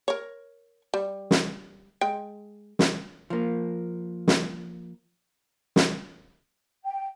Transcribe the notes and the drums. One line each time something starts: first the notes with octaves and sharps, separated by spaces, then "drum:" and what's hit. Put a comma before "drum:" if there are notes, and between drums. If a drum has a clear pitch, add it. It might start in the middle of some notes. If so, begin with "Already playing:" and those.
A#4 C#5
G3
drum: snare
G#3 G5
drum: snare
F3 A#3
drum: snare
drum: snare
G5